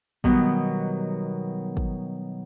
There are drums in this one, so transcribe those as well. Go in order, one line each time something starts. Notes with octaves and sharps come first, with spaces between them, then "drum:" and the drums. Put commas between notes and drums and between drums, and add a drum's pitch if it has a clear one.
B2 D#3 F#3 G3 B3, drum: kick
drum: kick